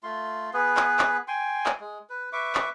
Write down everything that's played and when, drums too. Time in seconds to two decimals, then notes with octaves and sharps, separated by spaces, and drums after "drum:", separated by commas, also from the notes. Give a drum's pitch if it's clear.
0.03 A3 F4 C6
0.53 B3 G#4 B4
0.77 drum: clap
0.99 drum: clap
1.28 G5 G#5 C6
1.66 drum: clap
1.80 G#3
2.10 B4
2.33 B4 E5 C#6 D6
2.55 drum: clap